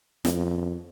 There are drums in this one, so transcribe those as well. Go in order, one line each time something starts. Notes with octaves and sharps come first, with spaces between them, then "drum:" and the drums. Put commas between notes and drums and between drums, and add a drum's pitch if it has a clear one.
F2, drum: snare